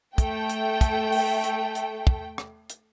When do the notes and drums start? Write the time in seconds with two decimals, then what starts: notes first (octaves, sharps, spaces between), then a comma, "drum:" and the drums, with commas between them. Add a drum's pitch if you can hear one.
0.18 A3 G5, drum: kick, hi-hat
0.50 drum: hi-hat
0.81 drum: kick, hi-hat
1.12 drum: open hi-hat
1.44 drum: hi-hat
1.75 drum: hi-hat
2.07 drum: kick
2.38 drum: rim click
2.70 drum: hi-hat